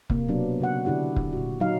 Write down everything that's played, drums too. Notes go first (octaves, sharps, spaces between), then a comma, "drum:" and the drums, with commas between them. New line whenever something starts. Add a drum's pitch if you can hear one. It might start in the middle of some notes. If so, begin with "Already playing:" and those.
C3 A#3, drum: kick
B2 F#3 B3 D4
C#3 F#4 F#5
D3 D4 E4 G4 F#5
drum: kick
A#2 F#4
F#3 D#4 F5